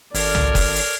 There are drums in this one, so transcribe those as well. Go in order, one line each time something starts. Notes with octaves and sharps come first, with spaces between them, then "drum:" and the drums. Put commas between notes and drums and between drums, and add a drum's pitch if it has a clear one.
G#1 A4 A#4 C#5 D5 F6, drum: open hi-hat
drum: tom C2
drum: kick F#1, open hi-hat
drum: open hi-hat